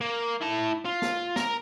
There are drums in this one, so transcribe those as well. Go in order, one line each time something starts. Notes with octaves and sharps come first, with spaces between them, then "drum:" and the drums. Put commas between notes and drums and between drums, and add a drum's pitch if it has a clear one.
A#3
E4 A5
F4
drum: snare
A#4 A#5, drum: snare